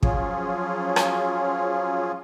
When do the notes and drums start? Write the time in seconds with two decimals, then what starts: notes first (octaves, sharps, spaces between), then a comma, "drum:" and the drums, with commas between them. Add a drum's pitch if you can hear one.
0.03 F3 F#3 C#4 F4 G#4, drum: kick
0.96 drum: rim click